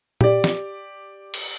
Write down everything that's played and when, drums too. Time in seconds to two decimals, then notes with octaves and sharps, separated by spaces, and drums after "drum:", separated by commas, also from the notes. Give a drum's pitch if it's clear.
0.21 G4 D5, drum: tom A#2
0.44 drum: snare
1.34 drum: cymbal